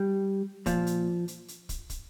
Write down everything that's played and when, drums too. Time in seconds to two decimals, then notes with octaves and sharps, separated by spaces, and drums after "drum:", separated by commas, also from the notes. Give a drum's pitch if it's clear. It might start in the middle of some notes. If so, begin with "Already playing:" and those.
Already playing: G3
0.66 A#2 F3, drum: kick, hi-hat
0.87 drum: hi-hat
1.28 drum: hi-hat
1.48 drum: hi-hat
1.69 drum: kick, hi-hat
1.90 drum: kick, hi-hat